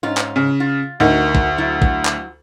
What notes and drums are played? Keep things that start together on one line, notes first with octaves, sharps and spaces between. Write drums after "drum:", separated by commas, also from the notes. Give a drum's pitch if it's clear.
G#2 C#4 F4
drum: clap
C#3
F4
D2 D#4 F#4 A#4
drum: kick
F#3 E4 F4
drum: kick
drum: clap